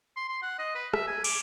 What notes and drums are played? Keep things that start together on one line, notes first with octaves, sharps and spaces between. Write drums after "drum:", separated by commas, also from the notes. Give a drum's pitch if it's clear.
C6
C6
F#5
D#5
B4
E5, drum: rim click
G#5
D6, drum: cymbal